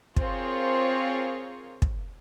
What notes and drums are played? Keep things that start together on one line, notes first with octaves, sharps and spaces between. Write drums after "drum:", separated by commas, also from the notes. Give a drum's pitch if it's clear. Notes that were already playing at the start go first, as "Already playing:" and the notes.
C4 F4 G#4 A#4 C5 C#5, drum: kick
drum: kick